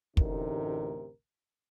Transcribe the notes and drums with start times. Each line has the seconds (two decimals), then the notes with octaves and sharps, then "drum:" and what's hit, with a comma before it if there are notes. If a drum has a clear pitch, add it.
0.17 A1 D2 C3 D#4 A#4, drum: kick